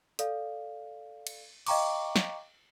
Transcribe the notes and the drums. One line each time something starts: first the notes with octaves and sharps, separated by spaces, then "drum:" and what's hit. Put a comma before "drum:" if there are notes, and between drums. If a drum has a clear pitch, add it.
A4 D5 F5, drum: hi-hat
drum: cymbal
D#5 F5 G5 A#5 C#6 D6, drum: cymbal
drum: snare